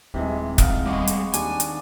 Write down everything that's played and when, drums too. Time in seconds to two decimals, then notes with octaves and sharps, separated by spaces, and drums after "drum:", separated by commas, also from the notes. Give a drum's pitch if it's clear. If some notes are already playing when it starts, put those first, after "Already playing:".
0.14 D#1 C3 E3 G#3
0.58 D#4 F5 F#5, drum: kick, hi-hat
0.86 G3 G#3 B3 D#5 C#6 D6
1.07 drum: hi-hat
1.34 D#2 D4 G#5, drum: hi-hat
1.60 drum: hi-hat